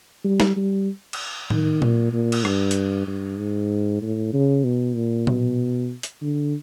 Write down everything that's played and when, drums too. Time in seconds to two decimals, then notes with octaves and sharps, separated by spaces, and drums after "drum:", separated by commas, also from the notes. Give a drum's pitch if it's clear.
0.24 G3
0.40 drum: snare
0.56 G3
1.13 drum: cymbal
1.50 D#3, drum: tom A2
1.82 A#2, drum: tom A#2
2.13 A#2
2.32 drum: cymbal
2.45 G2, drum: rim click
2.71 drum: hi-hat
3.07 G2
3.39 G#2
4.02 A2
4.33 C#3
4.64 B2
4.95 A#2
5.27 B2, drum: tom A#2
6.03 drum: hi-hat
6.21 D3